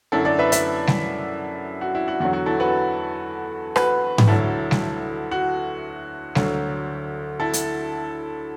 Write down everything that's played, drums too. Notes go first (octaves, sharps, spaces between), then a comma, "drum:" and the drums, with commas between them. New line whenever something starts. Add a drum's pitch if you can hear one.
F#2 D3 F#3 E4 A4
A4 D5
B4 E5
B4 E5, drum: hi-hat
drum: snare G3
F#4
E4
F#4
E2 D3 F#3 F#4
F#4
E4 A4
F#4 B4
F#4 B4, drum: rim click
drum: tom G#2
D2 D3 F#3 E4 A4
drum: snare G3
F#4
D2 D3 F#3, drum: snare G3
E4 A4
drum: hi-hat